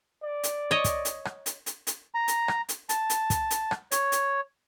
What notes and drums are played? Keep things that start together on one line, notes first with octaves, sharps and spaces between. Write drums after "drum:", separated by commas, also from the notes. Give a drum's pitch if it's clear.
D5
drum: hi-hat
C#5 D#5
drum: kick, hi-hat
drum: hi-hat
drum: rim click
drum: hi-hat
drum: hi-hat
drum: hi-hat
A#5
drum: hi-hat
drum: rim click
drum: hi-hat
A5, drum: hi-hat
drum: hi-hat
drum: kick, hi-hat
drum: hi-hat
drum: rim click
C#5, drum: hi-hat
drum: hi-hat